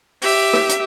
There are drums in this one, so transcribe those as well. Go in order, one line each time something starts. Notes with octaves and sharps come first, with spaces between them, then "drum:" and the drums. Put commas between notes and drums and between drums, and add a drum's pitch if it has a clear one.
G4 E5, drum: open hi-hat
drum: rim click
drum: hi-hat